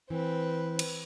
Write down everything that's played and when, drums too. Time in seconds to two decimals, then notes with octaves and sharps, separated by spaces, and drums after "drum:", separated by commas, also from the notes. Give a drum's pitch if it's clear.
0.10 E3 C4 B4
0.79 drum: cymbal